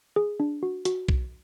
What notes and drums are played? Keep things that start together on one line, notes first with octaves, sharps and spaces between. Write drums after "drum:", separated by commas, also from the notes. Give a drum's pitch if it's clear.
G#4
D4
F#4
F#4, drum: hi-hat
drum: kick B1